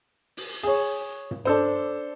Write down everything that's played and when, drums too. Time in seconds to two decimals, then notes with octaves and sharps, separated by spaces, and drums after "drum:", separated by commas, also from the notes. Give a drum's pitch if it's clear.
0.37 drum: open hi-hat
0.63 G#4 C#5
1.31 drum: tom
1.45 D4 A4 C5